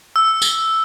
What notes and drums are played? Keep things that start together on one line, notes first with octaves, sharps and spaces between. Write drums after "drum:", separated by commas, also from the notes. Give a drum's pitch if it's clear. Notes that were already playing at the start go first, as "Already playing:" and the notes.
E6
drum: tambourine